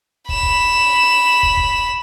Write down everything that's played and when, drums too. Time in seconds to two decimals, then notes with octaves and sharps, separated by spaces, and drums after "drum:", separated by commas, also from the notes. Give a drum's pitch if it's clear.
0.29 B5 E7, drum: kick
0.43 drum: kick
1.43 drum: kick
1.57 drum: kick